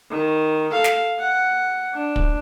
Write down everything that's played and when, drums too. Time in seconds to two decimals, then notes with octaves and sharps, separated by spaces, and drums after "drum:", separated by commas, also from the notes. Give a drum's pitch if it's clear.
0.11 D#3
0.72 A4 F5
0.84 drum: snare
1.19 F#5
1.94 D4
2.16 drum: kick